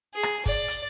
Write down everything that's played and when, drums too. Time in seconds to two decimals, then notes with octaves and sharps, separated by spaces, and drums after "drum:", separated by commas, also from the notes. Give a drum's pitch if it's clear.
0.14 G#4
0.23 drum: rim click
0.46 D5, drum: kick, open hi-hat
0.68 drum: hi-hat